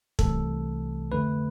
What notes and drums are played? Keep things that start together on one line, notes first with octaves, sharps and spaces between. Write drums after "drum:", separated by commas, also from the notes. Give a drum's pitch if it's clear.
C2 C3 E3 A3 A4, drum: kick
F2 D3 A3 B4